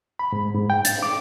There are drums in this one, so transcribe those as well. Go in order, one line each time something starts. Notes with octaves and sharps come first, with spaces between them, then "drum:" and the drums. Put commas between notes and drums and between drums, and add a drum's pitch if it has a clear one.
B5
G#2
G#2
G5
A6, drum: hi-hat
D6